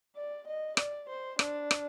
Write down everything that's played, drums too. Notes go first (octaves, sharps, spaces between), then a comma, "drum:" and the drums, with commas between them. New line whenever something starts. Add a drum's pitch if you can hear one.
D5
D#5
D5, drum: rim click
C5
D4, drum: rim click
drum: rim click